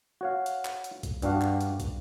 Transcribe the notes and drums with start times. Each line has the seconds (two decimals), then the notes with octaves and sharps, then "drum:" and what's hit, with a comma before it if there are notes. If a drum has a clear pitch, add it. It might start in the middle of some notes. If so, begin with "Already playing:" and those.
0.21 F#4 C#5 F5
0.46 drum: hi-hat
0.65 drum: clap
0.84 drum: hi-hat
1.03 drum: kick, hi-hat
1.22 G2 G3 D4 F#4 F5, drum: hi-hat
1.41 drum: clap
1.61 drum: hi-hat
1.80 drum: kick, hi-hat